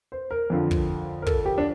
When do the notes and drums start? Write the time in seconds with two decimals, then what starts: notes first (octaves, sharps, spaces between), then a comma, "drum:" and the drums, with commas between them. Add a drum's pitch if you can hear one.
0.12 C5
0.31 A#4
0.50 F2 D3 F3
0.71 drum: kick
1.22 A#4
1.26 A4, drum: kick
1.45 G4
1.58 D4